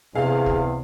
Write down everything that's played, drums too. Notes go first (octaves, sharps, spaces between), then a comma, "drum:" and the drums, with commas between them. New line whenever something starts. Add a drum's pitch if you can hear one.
E2 C3 G#4 F5
drum: kick C#2